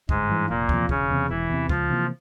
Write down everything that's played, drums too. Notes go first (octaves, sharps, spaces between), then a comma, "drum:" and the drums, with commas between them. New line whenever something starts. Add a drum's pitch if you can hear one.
G1 G#2 G#3, drum: kick
G2 E3
F1 A#2 A#3
E2 C3 F3, drum: kick
E1 C#3 C#4, drum: kick
E2 C3
E1 E3 E4
E2 C3
C#2 F3 F4, drum: kick
C3 E3 A#3